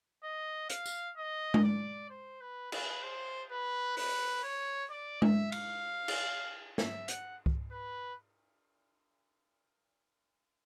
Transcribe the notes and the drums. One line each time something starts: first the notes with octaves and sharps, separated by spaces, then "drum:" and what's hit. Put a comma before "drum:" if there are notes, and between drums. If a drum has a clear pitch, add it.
D#5
F5, drum: hi-hat
drum: tambourine
D#5
drum: tom G#3
D5
C5
B4
B4, drum: cymbal
C5
B4
B4, drum: open hi-hat
C#5
D5
E5, drum: tom G#3
F5, drum: cymbal
drum: cymbal
E5, drum: snare
F#5, drum: hi-hat
drum: kick C2
B4